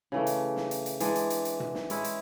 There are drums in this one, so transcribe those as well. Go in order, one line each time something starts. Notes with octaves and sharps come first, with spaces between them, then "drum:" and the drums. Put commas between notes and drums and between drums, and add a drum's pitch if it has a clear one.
C#3 E3 A3
drum: hi-hat
drum: snare
drum: hi-hat
drum: hi-hat
E3 G#3 D4, drum: hi-hat
drum: hi-hat
drum: hi-hat
drum: hi-hat
drum: tom
drum: snare
G#3 C#4 E4, drum: hi-hat
drum: hi-hat